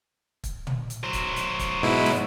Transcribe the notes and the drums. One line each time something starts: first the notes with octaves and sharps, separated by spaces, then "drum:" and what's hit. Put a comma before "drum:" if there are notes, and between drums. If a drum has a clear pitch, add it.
drum: kick, hi-hat
drum: tom
drum: hi-hat
F#3 C5
drum: kick, hi-hat
drum: hi-hat
drum: kick, hi-hat
G#2 B2 E4
drum: snare